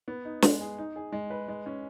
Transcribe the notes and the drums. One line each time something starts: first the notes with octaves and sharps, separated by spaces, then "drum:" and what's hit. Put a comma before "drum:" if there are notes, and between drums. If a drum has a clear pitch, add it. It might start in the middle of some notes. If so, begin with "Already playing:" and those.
B3
D#4
G#3, drum: snare
G#4
D#4
G#4
G#3
B4
G#3
C#4